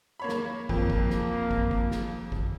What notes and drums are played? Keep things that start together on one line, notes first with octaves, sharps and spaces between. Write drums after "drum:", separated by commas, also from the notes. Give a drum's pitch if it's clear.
A#3 C#5 B5
drum: snare
F2 A#3, drum: kick
drum: kick
drum: snare
drum: kick
drum: kick
drum: snare
drum: kick